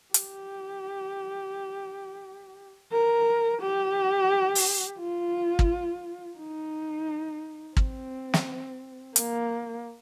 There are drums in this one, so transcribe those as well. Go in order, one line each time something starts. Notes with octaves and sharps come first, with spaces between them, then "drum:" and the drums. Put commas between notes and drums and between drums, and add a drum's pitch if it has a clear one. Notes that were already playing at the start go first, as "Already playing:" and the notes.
G4, drum: hi-hat
A#4
G4
drum: open hi-hat
F4
drum: kick
D#4
C4, drum: kick
drum: snare
A#3, drum: hi-hat